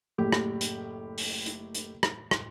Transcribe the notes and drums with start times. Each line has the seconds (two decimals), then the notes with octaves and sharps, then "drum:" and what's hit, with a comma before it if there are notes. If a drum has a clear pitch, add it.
0.18 F#1 A2 G4
0.32 drum: rim click
0.61 drum: hi-hat
1.18 drum: open hi-hat
1.46 drum: hi-hat
1.75 drum: hi-hat
2.03 drum: rim click
2.31 drum: rim click